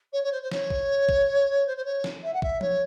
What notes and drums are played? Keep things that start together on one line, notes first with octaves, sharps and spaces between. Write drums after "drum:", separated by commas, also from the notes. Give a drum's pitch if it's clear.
C#5
C#5
C5
C5
C#5, drum: snare
drum: kick
drum: kick
C5
C5
C#5
drum: snare
E5
F#5
E5, drum: kick
C#5, drum: tom